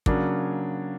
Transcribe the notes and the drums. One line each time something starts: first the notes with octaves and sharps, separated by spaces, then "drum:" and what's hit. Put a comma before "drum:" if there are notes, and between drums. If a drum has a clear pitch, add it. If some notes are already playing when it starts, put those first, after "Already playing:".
C#3 F#3 A#3 D4, drum: kick